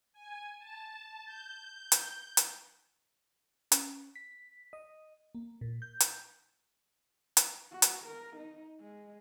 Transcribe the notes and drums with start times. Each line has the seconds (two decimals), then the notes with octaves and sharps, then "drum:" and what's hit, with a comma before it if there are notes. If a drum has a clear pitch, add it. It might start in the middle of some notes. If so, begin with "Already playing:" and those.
0.13 G#5
0.59 A5
1.25 G6
1.92 drum: hi-hat
2.37 drum: hi-hat
3.72 C#4, drum: hi-hat
4.16 B6
4.73 D#5
5.35 A#3
5.61 A#2
5.82 G6
6.00 drum: hi-hat
7.37 drum: hi-hat
7.71 F#4
7.82 drum: hi-hat
8.05 A#4
8.36 D#4
8.80 G#3